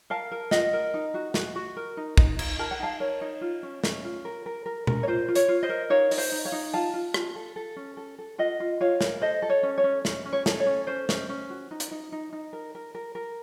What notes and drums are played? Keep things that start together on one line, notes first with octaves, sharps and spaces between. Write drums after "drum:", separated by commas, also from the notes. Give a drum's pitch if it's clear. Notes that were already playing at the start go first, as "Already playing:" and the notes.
A#4 F5 A5
A#4
F4 D#5 F#5, drum: snare
A#4
D#4
F#4
F#4, drum: snare
F#4
A#4
D#4
D#4, drum: kick
D#4, drum: cymbal
A#4 A5
F#5
D#4 F5 A5
A#4 C#5
D#4
F4
C#4
C#4, drum: snare
F4
A#4
A#4
A#4
A#4, drum: tom B2
C#5
F4 C5
F4
C#5, drum: hi-hat
F4
C5 D#5
A#4
D#4 C#5 F5
D#4, drum: open hi-hat
C5 D#5
D#4
C#5 F5
D#4
F4 F5 A5
F4
F4, drum: rim click
A4
A4
C#4
A4
A4
F4 D#5 F#5
F4
F4 C#5 F5
A#4, drum: snare
A4 C5 D#5
A4
C#5
C#4
C#5
C#4
C#4, drum: snare
C#4
C#5
A4, drum: snare
C#5
C#4
C#4 C5
C#4, drum: snare
C#4
F#4
D#4
drum: hi-hat
D#4
D#4
D#4
A#4
A#4
A#4
A#4